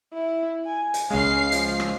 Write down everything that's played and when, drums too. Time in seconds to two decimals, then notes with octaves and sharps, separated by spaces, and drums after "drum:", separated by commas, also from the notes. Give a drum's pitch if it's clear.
0.13 E4
0.65 G#5
0.94 drum: hi-hat
1.11 C#2 G#3 C#4 F5 C7
1.52 F3, drum: hi-hat
1.80 drum: rim click